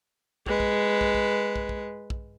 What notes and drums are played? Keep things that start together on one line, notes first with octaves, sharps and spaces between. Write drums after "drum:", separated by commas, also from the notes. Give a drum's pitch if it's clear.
G#3 B4, drum: kick
drum: kick
drum: kick
drum: kick
drum: kick
drum: kick
drum: kick